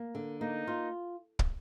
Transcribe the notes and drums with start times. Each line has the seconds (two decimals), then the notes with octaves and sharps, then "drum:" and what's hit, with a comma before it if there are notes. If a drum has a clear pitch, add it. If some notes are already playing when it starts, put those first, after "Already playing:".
Already playing: A#3
0.15 D3
0.41 A#3 D#4
0.67 F4
1.39 drum: kick